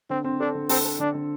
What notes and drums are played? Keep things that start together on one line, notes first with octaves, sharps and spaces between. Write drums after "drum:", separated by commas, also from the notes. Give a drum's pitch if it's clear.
D3 C4
C4
D4 A4
D3
C4 A4, drum: open hi-hat
A4
D3 D4
D3